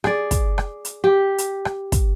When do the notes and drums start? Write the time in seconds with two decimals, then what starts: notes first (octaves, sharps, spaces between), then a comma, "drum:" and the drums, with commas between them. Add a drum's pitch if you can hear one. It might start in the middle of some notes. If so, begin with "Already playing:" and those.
0.04 G#4 D5, drum: rim click
0.31 drum: kick, hi-hat
0.58 drum: rim click
0.85 drum: hi-hat
1.04 G4
1.38 drum: hi-hat
1.65 drum: rim click
1.92 drum: kick, hi-hat